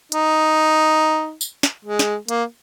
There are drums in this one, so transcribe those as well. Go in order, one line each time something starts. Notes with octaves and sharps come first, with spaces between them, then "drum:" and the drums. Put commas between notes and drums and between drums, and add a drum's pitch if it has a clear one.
D#4, drum: hi-hat
drum: tambourine
drum: snare
G#3
drum: snare
A#3, drum: hi-hat